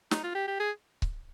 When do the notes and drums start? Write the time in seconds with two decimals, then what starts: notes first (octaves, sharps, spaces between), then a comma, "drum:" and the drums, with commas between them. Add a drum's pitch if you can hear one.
0.11 D#4, drum: snare
0.24 F4
0.35 G4
0.48 G4
0.60 G#4
1.02 drum: kick C#1